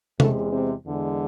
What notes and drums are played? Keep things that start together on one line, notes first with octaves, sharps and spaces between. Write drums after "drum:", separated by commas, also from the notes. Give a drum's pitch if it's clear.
E2 C3 G#3 A3 A4, drum: tom C3
C3 C4
E2 D3 G#3